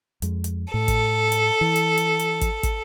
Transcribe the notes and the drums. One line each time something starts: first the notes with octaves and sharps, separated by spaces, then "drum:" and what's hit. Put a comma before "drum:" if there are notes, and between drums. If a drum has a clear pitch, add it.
F2 G#3, drum: hi-hat
drum: hi-hat
A2 A4
drum: kick, hi-hat
drum: hi-hat
E3
drum: hi-hat
drum: hi-hat
drum: hi-hat
drum: kick, hi-hat
drum: kick, hi-hat